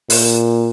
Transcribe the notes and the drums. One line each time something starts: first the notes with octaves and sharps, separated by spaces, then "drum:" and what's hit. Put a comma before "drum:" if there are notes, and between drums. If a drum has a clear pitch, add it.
A#2, drum: open hi-hat